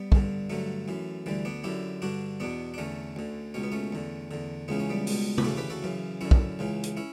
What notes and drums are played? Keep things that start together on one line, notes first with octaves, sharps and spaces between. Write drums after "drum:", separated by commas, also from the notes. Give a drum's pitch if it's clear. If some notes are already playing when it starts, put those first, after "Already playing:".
Already playing: G3 B3
G2 D3, drum: kick
G2 D3 F#3 A3
F#2 E3
D2 D3 E3 G3
B3 D4
F#2 D3 E4 G4
G2 D3 D4 F#4
E2 B2 B3 D4
D4
E2 D3 A3 C#4
D2 D3
C#2 B2 C#4
B3
A3 C#4
E2 D3
E2 D3
C#2 C#3 E3 B3
C#4
G3 B3
C#2 B2, drum: open hi-hat
B4, drum: tom
D2 C#3 E3 F#4 A4
G4 B4
F#4 A4
F#2 C#3 E3
F#2 D3 C#4 E4
drum: kick
C#2 C#3 E3
drum: hi-hat
C#4 E4